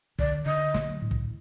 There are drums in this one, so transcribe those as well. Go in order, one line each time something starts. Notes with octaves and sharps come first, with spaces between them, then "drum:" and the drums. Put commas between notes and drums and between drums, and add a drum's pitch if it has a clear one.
D3 D5, drum: kick
D3 D#5
F#3, drum: snare
A2
drum: kick